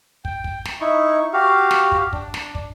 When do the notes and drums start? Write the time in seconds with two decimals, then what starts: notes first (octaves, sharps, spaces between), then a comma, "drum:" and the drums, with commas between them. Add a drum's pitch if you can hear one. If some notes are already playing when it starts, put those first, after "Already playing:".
0.25 G5, drum: kick
0.44 drum: kick
0.65 drum: snare
0.80 D#4 E4 C#6
1.33 F#4 G4 F5
1.71 drum: snare
1.92 drum: kick
2.13 D4, drum: kick
2.34 drum: snare
2.55 drum: kick